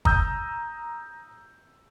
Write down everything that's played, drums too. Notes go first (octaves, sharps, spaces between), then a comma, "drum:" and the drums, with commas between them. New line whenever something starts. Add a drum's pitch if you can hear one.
A#5 D#6 E6 G6, drum: kick